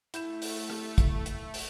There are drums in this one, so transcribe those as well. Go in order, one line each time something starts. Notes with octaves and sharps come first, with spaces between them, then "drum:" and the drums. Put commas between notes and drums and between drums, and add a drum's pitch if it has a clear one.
A3 E4 G6 E7, drum: hi-hat
drum: open hi-hat
drum: rim click
drum: kick, hi-hat
drum: hi-hat
drum: open hi-hat